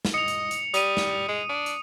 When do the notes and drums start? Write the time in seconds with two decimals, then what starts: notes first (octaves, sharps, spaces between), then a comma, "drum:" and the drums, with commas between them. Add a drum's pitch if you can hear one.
0.05 drum: snare
0.14 D#5 C#7 F7
0.28 drum: hi-hat
0.51 drum: hi-hat
0.74 G3 D#6 D#7, drum: hi-hat
0.97 drum: snare
1.28 G#3
1.49 D4
1.66 drum: hi-hat